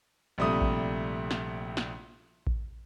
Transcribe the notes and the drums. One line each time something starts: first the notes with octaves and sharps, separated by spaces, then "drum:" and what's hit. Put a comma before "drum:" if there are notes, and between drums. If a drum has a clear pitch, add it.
A#1 C3 G3 A3 D#6
drum: kick A1
drum: snare
drum: snare
drum: kick A1